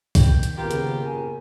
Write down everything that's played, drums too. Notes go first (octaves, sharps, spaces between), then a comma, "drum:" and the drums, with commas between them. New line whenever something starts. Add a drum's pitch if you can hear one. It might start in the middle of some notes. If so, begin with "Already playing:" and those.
D#3 G5, drum: kick, open hi-hat
drum: hi-hat
C#3 A#3 B3 F4 G4 A#4
drum: hi-hat
G#5